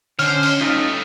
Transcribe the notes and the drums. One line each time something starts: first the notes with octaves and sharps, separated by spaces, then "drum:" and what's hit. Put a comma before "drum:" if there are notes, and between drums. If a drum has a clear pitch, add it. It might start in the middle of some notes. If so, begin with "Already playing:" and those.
D3 C#4 C5 C#5 F6, drum: open hi-hat
drum: open hi-hat
G2 A3 D#4 F4